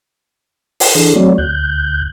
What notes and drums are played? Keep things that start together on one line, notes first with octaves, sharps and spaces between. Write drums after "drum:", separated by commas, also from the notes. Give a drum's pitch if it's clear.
drum: open hi-hat
E3 D4 G#4 A4
F#3 A3 C4 F#4 C#5 D5
D2 F#6 G6